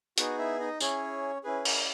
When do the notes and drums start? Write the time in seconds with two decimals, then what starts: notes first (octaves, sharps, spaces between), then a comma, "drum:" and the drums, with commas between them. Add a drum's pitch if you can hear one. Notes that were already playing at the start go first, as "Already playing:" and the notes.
0.18 B3 D#4 F#4 G#4 F#5, drum: hi-hat
0.39 E4 E5
0.60 D#4 D#5
0.80 C#4 E4 G#4 C#5, drum: tambourine
1.44 C#4 E4 G#4 B4
1.65 A#4, drum: cymbal